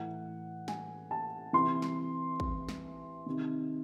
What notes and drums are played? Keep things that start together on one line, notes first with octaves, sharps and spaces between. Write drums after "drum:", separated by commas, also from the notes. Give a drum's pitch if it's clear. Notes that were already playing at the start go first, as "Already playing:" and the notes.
Already playing: A2 E3 F#5
G#5, drum: snare
A5
C3 E3 C6
drum: snare
drum: kick A1
drum: snare
C3 D#3